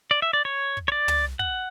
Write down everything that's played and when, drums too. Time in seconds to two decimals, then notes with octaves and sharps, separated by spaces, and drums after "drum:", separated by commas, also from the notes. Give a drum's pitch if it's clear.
0.11 D5
0.22 E5
0.33 D5
0.45 C#5
0.77 drum: kick
0.88 C#5
0.92 D5
1.08 drum: tom
1.39 F#5, drum: kick